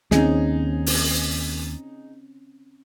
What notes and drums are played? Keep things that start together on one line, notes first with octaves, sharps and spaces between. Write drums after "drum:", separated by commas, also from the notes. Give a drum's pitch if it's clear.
D#2 C4 C#4 D#4 G#4, drum: snare
drum: open hi-hat